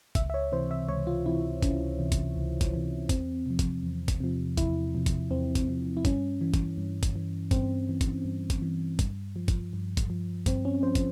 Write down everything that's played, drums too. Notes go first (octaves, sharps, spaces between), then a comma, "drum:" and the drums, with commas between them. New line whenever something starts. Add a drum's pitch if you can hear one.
C#2 E5, drum: kick, hi-hat
E5
C#5
C3 E3 C5
E5
C#2 C#5
F4
C3 E3 E4
C#2 C#4, drum: kick, hi-hat
C3 E3
drum: kick, hi-hat
C#2
drum: kick, hi-hat
C3 E3
E2 C4, drum: kick, hi-hat
C3 F3
drum: kick, hi-hat
E2
drum: kick, hi-hat
C3 F3
E2 E4, drum: kick, hi-hat
C3 F3
drum: kick, hi-hat
E2 C4
drum: kick, hi-hat
C3 F3
E4
G2 C#4, drum: kick, hi-hat
E3
drum: kick, hi-hat
G2
drum: kick, hi-hat
E3
G2 C4, drum: kick, hi-hat
E3
drum: kick, hi-hat
G2
drum: kick, hi-hat
E3
G2, drum: kick, hi-hat
F3
drum: kick, hi-hat
G2
drum: kick, hi-hat
F3
G2 C4, drum: kick, hi-hat
C#4
F3 C5
drum: kick, hi-hat